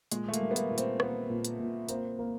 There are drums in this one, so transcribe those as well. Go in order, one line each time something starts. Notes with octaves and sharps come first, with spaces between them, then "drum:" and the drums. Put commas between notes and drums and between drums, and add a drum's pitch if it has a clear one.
A#2 G#3, drum: hi-hat
A3
A#3, drum: hi-hat
G3
B3
A#3, drum: hi-hat
A#2
C4, drum: hi-hat
A#3 B3, drum: rim click
A#2
drum: hi-hat
A#2
A#3 C4, drum: hi-hat
A#3